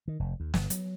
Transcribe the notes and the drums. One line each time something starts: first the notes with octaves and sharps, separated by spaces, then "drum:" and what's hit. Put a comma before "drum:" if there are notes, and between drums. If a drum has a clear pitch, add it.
D#3
F1
D#2
G1, drum: snare
F#3, drum: hi-hat